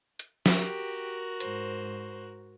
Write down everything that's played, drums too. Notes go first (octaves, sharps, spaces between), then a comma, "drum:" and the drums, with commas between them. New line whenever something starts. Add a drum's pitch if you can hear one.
drum: hi-hat
F#4 G4 A#4, drum: snare
G#2 C5, drum: hi-hat